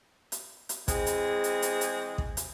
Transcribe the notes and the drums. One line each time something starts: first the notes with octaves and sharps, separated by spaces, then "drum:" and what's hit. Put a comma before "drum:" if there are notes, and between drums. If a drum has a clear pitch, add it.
drum: hi-hat
drum: hi-hat
E3 G#3 C4 G#4, drum: kick, hi-hat
drum: hi-hat
drum: hi-hat
drum: hi-hat
drum: hi-hat
drum: kick
drum: hi-hat